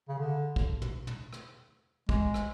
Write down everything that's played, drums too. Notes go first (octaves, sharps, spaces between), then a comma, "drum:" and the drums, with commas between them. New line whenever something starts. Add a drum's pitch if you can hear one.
C#3
D3
drum: kick
drum: tom
drum: tom
drum: rim click
G#3, drum: kick
drum: rim click